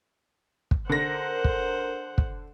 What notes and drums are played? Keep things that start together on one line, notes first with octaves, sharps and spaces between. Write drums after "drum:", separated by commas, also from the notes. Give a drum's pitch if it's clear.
drum: kick
D3 A#4 C5 F#5 A#6
drum: kick
drum: kick